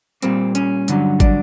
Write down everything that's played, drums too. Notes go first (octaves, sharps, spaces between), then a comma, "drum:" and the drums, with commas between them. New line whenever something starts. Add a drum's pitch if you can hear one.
A#2 G3 A#3 C4, drum: hi-hat
C#4, drum: hi-hat
G2 D3 F#3, drum: hi-hat
D4, drum: kick, hi-hat